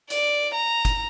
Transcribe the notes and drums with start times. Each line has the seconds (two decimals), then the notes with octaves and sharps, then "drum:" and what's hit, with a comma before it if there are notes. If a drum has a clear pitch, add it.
0.10 D5, drum: hi-hat
0.54 A#5
0.85 drum: kick, hi-hat